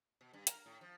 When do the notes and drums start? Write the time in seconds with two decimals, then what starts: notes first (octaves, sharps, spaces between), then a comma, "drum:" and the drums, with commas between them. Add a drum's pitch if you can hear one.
0.21 B2
0.33 G2
0.47 A#4, drum: hi-hat
0.66 A2
0.81 F3